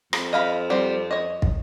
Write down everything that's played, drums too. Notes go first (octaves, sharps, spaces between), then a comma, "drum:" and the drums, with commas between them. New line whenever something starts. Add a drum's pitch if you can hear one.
F2, drum: rim click
D#5 F5 B5
G3 C4
C#5 D#5
drum: kick